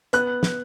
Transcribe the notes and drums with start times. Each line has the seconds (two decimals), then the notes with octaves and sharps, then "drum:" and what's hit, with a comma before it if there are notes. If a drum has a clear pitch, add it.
0.13 B3 F#6, drum: hi-hat
0.43 drum: snare